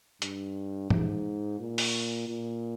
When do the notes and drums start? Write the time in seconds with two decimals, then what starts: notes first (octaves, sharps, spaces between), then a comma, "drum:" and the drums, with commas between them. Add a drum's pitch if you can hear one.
0.22 G2, drum: hi-hat
0.90 G#2, drum: tom
1.59 A#2
1.78 drum: open hi-hat
2.28 A#2